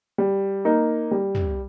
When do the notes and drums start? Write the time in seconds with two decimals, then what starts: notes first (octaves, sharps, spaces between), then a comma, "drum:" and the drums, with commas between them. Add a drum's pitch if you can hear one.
0.18 G3
0.65 A#3 D#4
1.11 G3
1.35 drum: tom